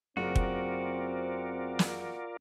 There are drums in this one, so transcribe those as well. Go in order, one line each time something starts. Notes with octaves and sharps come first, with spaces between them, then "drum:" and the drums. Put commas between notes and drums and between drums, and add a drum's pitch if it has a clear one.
F#1 C4 F4 F#4 A#4 D5
drum: kick
drum: snare